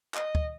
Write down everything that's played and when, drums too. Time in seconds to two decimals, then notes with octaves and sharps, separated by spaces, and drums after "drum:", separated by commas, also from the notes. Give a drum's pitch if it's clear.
0.14 D#5, drum: clap
0.35 drum: kick